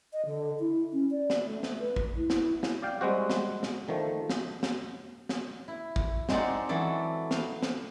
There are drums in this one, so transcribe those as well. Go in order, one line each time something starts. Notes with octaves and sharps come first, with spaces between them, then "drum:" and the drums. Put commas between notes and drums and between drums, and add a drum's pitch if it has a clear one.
D#5
D3
E4
C#4
D5
drum: snare
A3
drum: snare
B4
drum: kick
E4
drum: snare
drum: snare
D5 F5 G5
G3 G#3 C4 F#4
drum: snare
drum: snare
D3 D#3 F3 A3
drum: snare
drum: snare
drum: snare
E4
drum: kick
G#3 C4 D#4 D5 F#5, drum: snare
E3 F#3 A4 D5
F5, drum: snare
drum: snare